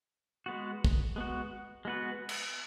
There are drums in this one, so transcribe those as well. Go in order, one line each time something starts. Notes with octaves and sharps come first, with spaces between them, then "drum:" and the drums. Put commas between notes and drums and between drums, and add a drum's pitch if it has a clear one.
G#3 B3 F#4
drum: kick
G#3 B3 F#4
G#3 B3 F#4 B4
drum: cymbal